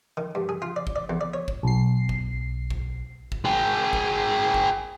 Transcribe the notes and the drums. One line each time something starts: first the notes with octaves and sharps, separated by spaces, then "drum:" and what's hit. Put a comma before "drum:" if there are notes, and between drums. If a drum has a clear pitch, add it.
D#3
G2
G#4
F4
D5
drum: kick
D5
E2
D5
C#5
drum: kick
B1 C7
drum: kick
drum: kick
drum: kick
G#4 G5
drum: kick
drum: kick